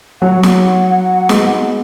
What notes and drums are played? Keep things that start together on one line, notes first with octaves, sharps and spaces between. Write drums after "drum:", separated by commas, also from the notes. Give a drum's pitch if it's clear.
F#3 F#5
drum: snare
G#3 B3, drum: snare